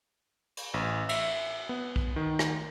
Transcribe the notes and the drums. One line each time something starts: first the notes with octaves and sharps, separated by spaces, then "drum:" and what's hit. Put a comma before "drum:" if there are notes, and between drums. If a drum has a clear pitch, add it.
drum: cymbal
A1
E5, drum: cymbal
B3
drum: kick B1
D#3
drum: rim click